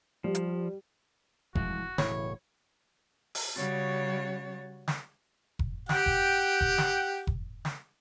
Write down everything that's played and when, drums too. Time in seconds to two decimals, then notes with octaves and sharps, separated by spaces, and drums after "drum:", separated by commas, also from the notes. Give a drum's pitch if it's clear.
0.24 F3 G3
0.35 drum: hi-hat
1.55 C2 E3 F3 G#3 F#4, drum: kick F1
1.98 E1 A2 C#3 E3 C#5 B5, drum: snare
3.35 drum: open hi-hat
3.56 C#3 G3 F#4 C#5 A6
4.88 drum: snare
5.59 drum: kick F1
5.89 G4 F#5 G5, drum: snare
6.06 drum: kick F1
6.61 drum: kick F1
6.78 drum: snare
7.27 drum: kick F1
7.65 drum: snare